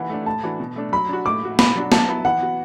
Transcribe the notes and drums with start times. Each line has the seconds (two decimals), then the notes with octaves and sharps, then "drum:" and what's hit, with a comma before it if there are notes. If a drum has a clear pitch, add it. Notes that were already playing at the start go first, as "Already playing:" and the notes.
Already playing: E3 F#5 B5
0.10 A3 D4
0.26 A2 A5
0.43 E3 D4 F#4
0.60 B2
0.76 A3 D4
0.92 F#3 B5
1.09 D4 F#4
1.25 A2 D6
1.43 A3 F#4
1.59 B2 B5, drum: snare
1.75 F#3 D4 F#4
1.92 F#3 A5, drum: snare
2.09 B3 E4
2.25 E3 F#5
2.41 B3 F#4